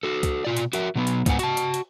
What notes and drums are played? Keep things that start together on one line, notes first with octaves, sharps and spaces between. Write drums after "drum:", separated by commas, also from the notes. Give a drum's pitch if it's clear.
F#4 A4
drum: kick C2, hi-hat
B2 F4 D5
drum: hi-hat
F#4 A#4 E5, drum: hi-hat
B2 F#3 B3
drum: hi-hat
G#2 A3 B3 F#5 G#5, drum: kick C2, hi-hat
F#4 A5, drum: hi-hat
drum: hi-hat
drum: hi-hat